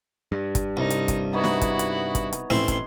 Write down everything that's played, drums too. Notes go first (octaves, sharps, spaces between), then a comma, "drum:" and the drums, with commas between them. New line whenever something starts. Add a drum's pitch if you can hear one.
G2
drum: kick, hi-hat
C2 D#4
drum: hi-hat
drum: kick, hi-hat
B3 D#4 E4 F#4 C#5
drum: snare
drum: kick, hi-hat
drum: hi-hat
drum: kick, hi-hat
drum: hi-hat
A1 C4 E4 C6, drum: snare
drum: kick, hi-hat